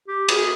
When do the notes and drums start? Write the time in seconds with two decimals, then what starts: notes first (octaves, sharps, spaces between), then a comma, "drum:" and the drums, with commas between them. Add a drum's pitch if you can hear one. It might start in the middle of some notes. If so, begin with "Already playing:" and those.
0.08 G4
0.28 G#4, drum: cymbal